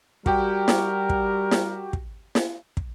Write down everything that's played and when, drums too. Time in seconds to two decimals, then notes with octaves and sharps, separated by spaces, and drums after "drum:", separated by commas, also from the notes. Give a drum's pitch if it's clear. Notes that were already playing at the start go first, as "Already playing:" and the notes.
0.26 G3 F#4 G4 A#4 G5, drum: kick
0.68 drum: snare
1.10 drum: kick
1.51 drum: snare
1.93 drum: kick
2.35 drum: snare
2.77 drum: kick